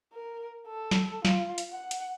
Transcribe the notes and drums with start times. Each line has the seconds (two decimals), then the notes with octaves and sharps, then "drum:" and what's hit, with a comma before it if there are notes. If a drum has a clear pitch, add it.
0.12 A#4
0.67 A4
0.91 drum: snare
1.25 F4, drum: snare
1.58 drum: hi-hat
1.70 F#5
1.91 drum: hi-hat